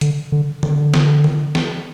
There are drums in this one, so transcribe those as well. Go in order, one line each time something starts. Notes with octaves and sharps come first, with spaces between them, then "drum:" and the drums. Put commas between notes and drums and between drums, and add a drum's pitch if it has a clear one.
D3, drum: hi-hat
D3
D3, drum: tom D3
drum: snare
drum: tom D3
drum: snare